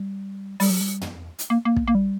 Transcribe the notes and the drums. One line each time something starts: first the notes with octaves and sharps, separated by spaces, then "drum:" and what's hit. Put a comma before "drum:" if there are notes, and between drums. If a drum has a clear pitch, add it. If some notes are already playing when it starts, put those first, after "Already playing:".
Already playing: G3
G3, drum: open hi-hat
F#3
G3
drum: tom
drum: hi-hat
A#3
A#3
drum: kick
A#3
G3